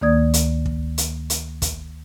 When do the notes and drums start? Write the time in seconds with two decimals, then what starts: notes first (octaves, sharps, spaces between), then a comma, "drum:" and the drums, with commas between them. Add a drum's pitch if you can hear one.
0.01 D2 D#3 A#3 D5 D#6 G#6
0.34 drum: hi-hat
0.66 drum: kick
0.98 drum: hi-hat
1.30 drum: hi-hat
1.62 drum: kick, hi-hat